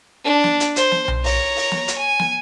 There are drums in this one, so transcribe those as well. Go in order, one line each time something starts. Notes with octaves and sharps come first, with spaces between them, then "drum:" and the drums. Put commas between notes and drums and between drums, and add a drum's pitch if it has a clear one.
D4
drum: snare
drum: hi-hat
C5, drum: hi-hat
drum: snare
drum: tom B1
C#5 A#5, drum: open hi-hat
drum: open hi-hat
drum: snare
drum: hi-hat
G#5
drum: snare